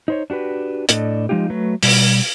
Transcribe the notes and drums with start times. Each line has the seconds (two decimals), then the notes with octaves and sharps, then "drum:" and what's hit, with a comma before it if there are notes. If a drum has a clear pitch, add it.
0.08 D#4 C5 C#5
0.30 D4 F#4 G4 B4
0.89 A2 D4 A4 D5 D#5, drum: hi-hat
1.29 F3 G#3 D#4 F4 G4
1.50 F#3 A3 B4
1.83 B2 G3, drum: open hi-hat